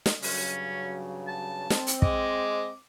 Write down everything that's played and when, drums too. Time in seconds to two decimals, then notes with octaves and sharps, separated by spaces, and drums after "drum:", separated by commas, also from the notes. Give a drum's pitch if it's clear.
0.06 drum: snare
0.22 G2 C#3 F#3 C#4, drum: open hi-hat
1.27 A5
1.70 C4, drum: snare
1.87 drum: hi-hat
2.02 G#3 D#5 D6, drum: kick